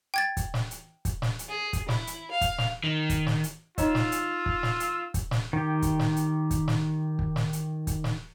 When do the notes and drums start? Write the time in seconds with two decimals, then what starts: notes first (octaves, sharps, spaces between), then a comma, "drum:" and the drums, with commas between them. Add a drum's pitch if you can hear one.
0.14 G5 G#6 A6
0.37 drum: kick, hi-hat
0.54 drum: snare
0.71 drum: hi-hat
1.05 drum: kick, hi-hat
1.22 drum: snare
1.39 drum: hi-hat
1.49 G#4
1.73 drum: kick, hi-hat
1.89 E4, drum: snare
2.07 drum: hi-hat
2.31 F5
2.41 drum: kick, hi-hat
2.58 drum: snare
2.84 D#3
3.10 drum: kick, hi-hat
3.27 drum: snare
3.44 drum: hi-hat
3.78 D#4 F4 C#5 D#5 E6, drum: kick, hi-hat
3.95 drum: snare
4.12 drum: hi-hat
4.46 drum: kick
4.63 drum: snare
4.80 drum: hi-hat
5.14 drum: kick, hi-hat
5.31 drum: snare
5.53 D#3 G4
5.82 drum: kick, hi-hat
5.99 drum: snare
6.16 drum: hi-hat
6.51 drum: kick, hi-hat
6.68 drum: snare
7.19 drum: kick
7.36 drum: snare
7.53 drum: hi-hat
7.87 drum: kick, hi-hat
8.04 drum: snare